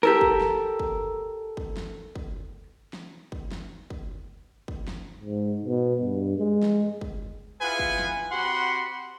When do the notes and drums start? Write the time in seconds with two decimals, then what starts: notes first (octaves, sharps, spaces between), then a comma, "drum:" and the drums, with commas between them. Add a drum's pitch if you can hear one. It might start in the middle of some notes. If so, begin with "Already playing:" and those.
0.03 G4 A4 A#4
0.21 drum: kick
0.41 drum: snare
0.79 drum: kick
1.57 drum: kick
1.77 drum: snare
2.15 drum: kick
2.93 drum: snare
3.32 drum: kick
3.52 drum: snare
3.90 drum: kick
4.68 drum: kick
4.88 drum: snare
5.21 G#2
5.65 B2
6.01 G2
6.38 G#3
6.62 drum: snare
7.01 drum: kick
7.61 E4 F4 G#4 B4 F#5 G#5
7.79 drum: kick
7.99 drum: snare
8.32 C4 F#4 G4 F#5 B5 C6